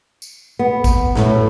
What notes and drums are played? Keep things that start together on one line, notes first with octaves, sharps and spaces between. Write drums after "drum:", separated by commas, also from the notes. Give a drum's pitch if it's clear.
drum: tambourine
B3
drum: kick, tambourine
A2, drum: snare